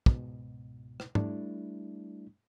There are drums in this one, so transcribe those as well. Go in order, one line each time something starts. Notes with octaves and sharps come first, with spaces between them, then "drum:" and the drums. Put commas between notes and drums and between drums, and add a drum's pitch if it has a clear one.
C#2 G#2 B2, drum: kick
drum: rim click
G3 A3 D4 E4, drum: tom